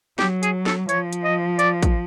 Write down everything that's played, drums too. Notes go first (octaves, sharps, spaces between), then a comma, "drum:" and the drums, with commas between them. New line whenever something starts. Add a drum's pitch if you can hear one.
F#3 G4, drum: snare
G#4, drum: hi-hat
A4, drum: snare
F3 C#5, drum: hi-hat
drum: hi-hat
D#5
D5, drum: hi-hat
drum: kick, hi-hat